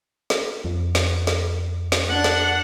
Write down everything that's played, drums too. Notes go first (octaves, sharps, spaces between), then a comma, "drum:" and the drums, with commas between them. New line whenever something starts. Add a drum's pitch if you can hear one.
drum: snare
F2
drum: snare
drum: snare
drum: snare
D4 F#5
drum: snare